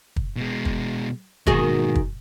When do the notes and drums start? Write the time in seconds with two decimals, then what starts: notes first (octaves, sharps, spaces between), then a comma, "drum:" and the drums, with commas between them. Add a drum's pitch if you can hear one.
0.16 drum: kick
0.37 B2 G#3
0.65 drum: kick
1.47 G#2 B2 D#3 F#4 G#4, drum: kick
1.95 drum: kick